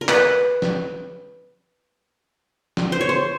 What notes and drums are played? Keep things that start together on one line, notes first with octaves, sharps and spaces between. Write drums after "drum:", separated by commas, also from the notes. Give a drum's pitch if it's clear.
A#4
B4, drum: clap
drum: snare
drum: snare
C5
C#5
C5